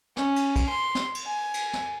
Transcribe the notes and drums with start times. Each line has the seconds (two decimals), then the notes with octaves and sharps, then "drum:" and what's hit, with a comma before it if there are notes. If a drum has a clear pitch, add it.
0.17 C#4, drum: snare
0.36 drum: cymbal
0.56 drum: kick, cymbal
0.69 C6
0.95 drum: snare
1.15 drum: cymbal
1.26 G#5
1.54 drum: cymbal
1.73 drum: snare